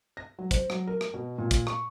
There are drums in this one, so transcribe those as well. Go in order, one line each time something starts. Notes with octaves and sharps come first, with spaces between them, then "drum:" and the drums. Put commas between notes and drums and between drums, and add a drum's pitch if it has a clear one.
A#6
F#3
C5, drum: kick, hi-hat
F#3, drum: rim click
A#4
drum: rim click
B2
A#2
drum: kick, hi-hat
C#6, drum: rim click